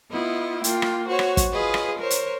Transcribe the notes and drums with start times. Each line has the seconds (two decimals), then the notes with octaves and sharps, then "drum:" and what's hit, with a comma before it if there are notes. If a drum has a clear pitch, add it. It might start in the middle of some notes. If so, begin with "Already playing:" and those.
0.11 B3 E4 F4 D#5
0.64 A#3 F4 G5, drum: hi-hat
0.82 drum: rim click
1.07 F#4 C5 C#5
1.19 drum: rim click
1.37 drum: kick, hi-hat
1.52 F4 G#4 B4 C#5 D#5
1.74 drum: rim click
1.98 A#4 C5 C#5
2.10 drum: hi-hat